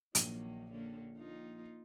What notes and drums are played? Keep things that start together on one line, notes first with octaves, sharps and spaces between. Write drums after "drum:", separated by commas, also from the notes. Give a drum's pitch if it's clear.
A#1 D#3 F#3 A#3 D#7, drum: hi-hat
D3 A#3 C#4
A#3 D#4 F4